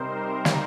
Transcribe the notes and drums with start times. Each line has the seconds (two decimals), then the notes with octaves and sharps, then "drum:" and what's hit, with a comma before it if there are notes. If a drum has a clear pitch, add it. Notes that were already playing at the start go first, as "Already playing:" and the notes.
Already playing: C3 G3 C4 D#4 A#4 C5
0.14 C5
0.45 drum: snare